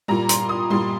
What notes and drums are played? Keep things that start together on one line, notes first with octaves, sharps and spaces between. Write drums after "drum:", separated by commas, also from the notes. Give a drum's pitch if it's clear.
A#2 G3 A#5
C6, drum: hi-hat
D#6
A#2 G3 C6